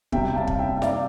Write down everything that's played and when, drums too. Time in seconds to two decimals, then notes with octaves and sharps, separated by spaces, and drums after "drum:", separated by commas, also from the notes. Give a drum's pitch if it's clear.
0.12 C3 G3 E5 G5, drum: kick
0.36 F5 A5
0.47 drum: kick
0.59 E5 G5
0.77 E5
0.82 D5 F5, drum: snare